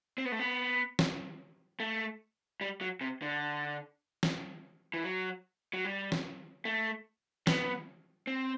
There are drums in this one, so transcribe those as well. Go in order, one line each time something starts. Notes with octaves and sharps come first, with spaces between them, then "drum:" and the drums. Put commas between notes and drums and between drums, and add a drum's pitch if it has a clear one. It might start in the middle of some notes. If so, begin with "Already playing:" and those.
C4
B3
A3
B3
drum: snare
A3
G3
F#3
C3
D3
drum: snare
E3
F#3
F#3
G3
drum: snare
A3
B3, drum: snare
C4